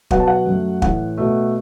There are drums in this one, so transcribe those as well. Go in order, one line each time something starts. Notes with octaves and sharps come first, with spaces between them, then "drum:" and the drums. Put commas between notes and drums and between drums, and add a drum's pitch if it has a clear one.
B2 F#3 B3 F#5, drum: kick
A5
F#5
F#2 F#3 A3
A2 E3 A3 F#5, drum: kick
B2 A3